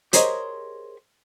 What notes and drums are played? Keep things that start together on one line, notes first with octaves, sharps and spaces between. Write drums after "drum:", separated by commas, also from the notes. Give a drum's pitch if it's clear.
G4 G#4 A#4 C5 C#5 D#5, drum: hi-hat